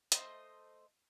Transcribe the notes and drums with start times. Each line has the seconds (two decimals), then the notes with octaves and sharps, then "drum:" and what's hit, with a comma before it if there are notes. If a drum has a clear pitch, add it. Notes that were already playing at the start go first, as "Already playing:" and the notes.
0.12 A3 C5 D#5 C6, drum: hi-hat